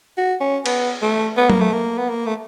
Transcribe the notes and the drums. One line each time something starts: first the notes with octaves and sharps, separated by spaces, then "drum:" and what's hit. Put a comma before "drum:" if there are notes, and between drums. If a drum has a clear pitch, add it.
F#4
C#4
B3, drum: cymbal
A3
B3
A#3, drum: tom F#3
A3
A#3
B3
A#3
A3